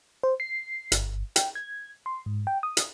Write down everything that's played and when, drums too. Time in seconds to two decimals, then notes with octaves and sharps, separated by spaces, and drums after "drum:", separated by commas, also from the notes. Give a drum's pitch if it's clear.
0.23 C5
0.40 C7
0.92 G1, drum: hi-hat
1.36 G5, drum: hi-hat
1.55 G#6
2.06 C6
2.26 G#2
2.47 G5
2.63 D#6
2.77 drum: hi-hat